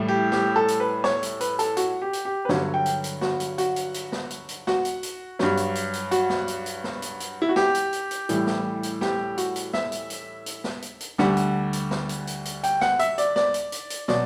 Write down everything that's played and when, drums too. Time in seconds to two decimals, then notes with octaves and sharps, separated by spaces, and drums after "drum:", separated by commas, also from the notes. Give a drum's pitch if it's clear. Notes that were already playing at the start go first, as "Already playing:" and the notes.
Already playing: A2 E3 G3
0.08 G4
0.32 G4, drum: snare
0.56 A4
0.68 drum: hi-hat
0.80 B4
1.04 C#5, drum: snare
1.23 drum: hi-hat
1.41 B4, drum: hi-hat
1.59 A4, drum: hi-hat
1.77 F#4, drum: hi-hat
2.02 G4
2.13 drum: hi-hat
2.25 G4
2.45 B4
2.49 G2 D3 F#3 C#5, drum: snare
2.74 G5
2.86 drum: hi-hat
3.04 drum: hi-hat
3.21 F#4, drum: snare
3.40 drum: hi-hat
3.58 F#4, drum: hi-hat
3.76 drum: hi-hat
3.94 drum: hi-hat
4.12 drum: snare
4.30 drum: hi-hat
4.49 drum: hi-hat
4.67 F#4, drum: snare
4.85 drum: hi-hat
5.03 drum: hi-hat
5.39 G2 F#3, drum: snare
5.57 drum: hi-hat
5.75 drum: hi-hat
5.93 drum: hi-hat
6.11 F#4, drum: hi-hat
6.30 drum: snare
6.48 drum: hi-hat
6.66 drum: hi-hat
6.84 drum: snare
7.02 drum: hi-hat
7.20 drum: hi-hat
7.42 E4
7.49 F#4
7.56 G4, drum: snare
7.75 drum: hi-hat
7.93 drum: hi-hat
8.11 drum: hi-hat
8.29 A2 E3 G3, drum: hi-hat
8.47 drum: snare
8.83 drum: hi-hat
9.01 G4, drum: snare
9.38 F#4, drum: hi-hat
9.56 drum: hi-hat
9.73 E5, drum: snare
9.92 drum: hi-hat
10.10 drum: hi-hat
10.46 drum: hi-hat
10.64 drum: snare
10.82 drum: hi-hat
11.00 drum: hi-hat
11.18 D2 D3 G3 F#5, drum: snare
11.37 drum: hi-hat
11.73 drum: hi-hat
11.91 drum: snare
12.09 drum: hi-hat
12.27 drum: hi-hat
12.45 drum: hi-hat
12.64 G5, drum: hi-hat
12.81 F#5, drum: snare
12.99 E5, drum: hi-hat
13.18 D5, drum: hi-hat
13.36 D5, drum: snare
13.54 drum: hi-hat
13.72 drum: hi-hat
13.90 drum: hi-hat
14.08 B2 F#3 D5, drum: snare